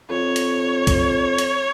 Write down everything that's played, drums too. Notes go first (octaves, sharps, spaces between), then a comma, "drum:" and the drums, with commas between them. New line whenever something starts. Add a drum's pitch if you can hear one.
F2 C#5
drum: hi-hat
drum: kick B1, hi-hat
drum: hi-hat